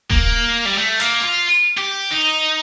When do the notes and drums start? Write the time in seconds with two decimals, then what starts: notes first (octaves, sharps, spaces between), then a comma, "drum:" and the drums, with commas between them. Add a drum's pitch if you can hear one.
0.11 A#3, drum: kick D#1
0.65 G3
0.78 A3
1.00 A#3, drum: hi-hat
1.22 F4
1.78 G4
2.11 D#4